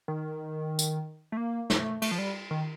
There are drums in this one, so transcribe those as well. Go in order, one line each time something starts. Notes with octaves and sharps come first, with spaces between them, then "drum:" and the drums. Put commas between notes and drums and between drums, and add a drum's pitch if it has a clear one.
D#3
drum: tambourine
A3
A#3
A3, drum: snare
A3, drum: cymbal
F3
G3
D#3